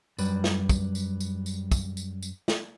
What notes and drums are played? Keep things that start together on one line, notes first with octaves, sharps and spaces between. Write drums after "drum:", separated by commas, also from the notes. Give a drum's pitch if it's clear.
F#2 G3 B4, drum: tambourine
drum: snare
drum: kick, tambourine
drum: tambourine
drum: tambourine
drum: tambourine
drum: kick, tambourine
drum: tambourine
drum: tambourine
drum: snare